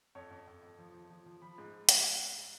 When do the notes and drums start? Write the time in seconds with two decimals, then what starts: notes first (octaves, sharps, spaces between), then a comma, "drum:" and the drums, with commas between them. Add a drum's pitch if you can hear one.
0.15 F2 C#5
0.31 F2
0.47 F2
0.63 F2
0.79 F3
0.94 F3
1.10 F3
1.26 F3
1.42 F3 B5
1.58 G#2
1.89 drum: hi-hat